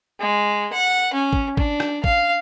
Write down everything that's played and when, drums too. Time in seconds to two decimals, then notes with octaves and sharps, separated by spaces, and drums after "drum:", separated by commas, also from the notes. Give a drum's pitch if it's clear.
0.20 G#3
0.73 F#5
1.14 C#4
1.33 drum: kick
1.57 D4, drum: kick
1.80 drum: rim click
2.04 F5, drum: kick